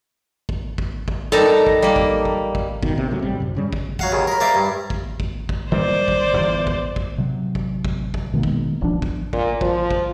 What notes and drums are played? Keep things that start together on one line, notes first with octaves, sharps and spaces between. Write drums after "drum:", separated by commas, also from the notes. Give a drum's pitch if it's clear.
drum: kick
drum: kick
drum: kick
G3 D#4 A4 A#4 A#5
drum: kick
G3 A#3
drum: kick
drum: kick
drum: kick
B2 D#3, drum: kick
C3
C2 A2 C#3 F#3
G#1 G3 C4
F#2 C3
G2 C#3 G3
drum: kick
F#3 F5 F#5, drum: kick
D#2 C#3
A#4 B5
A#3 C5 D5 E5
G2
drum: kick
drum: kick
drum: kick
D#3 G3 A#3 C5 D5
drum: kick
G1 E2 A2
drum: kick
drum: kick
C3 F#3
drum: kick
drum: kick
drum: kick
B2 D#3 G#3 A#3
drum: kick
D1 B1 F3 D4
drum: kick
A#2, drum: kick
F3, drum: kick
drum: kick